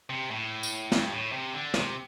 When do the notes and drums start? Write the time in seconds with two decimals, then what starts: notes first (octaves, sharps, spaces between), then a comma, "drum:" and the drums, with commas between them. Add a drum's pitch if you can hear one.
0.10 C3
0.31 A2
0.63 drum: tambourine
0.92 G2, drum: snare
1.12 A2
1.32 C3
1.53 D3
1.74 C3, drum: snare